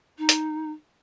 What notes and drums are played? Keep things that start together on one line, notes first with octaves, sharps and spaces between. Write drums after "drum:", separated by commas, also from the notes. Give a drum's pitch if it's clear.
D#4
drum: hi-hat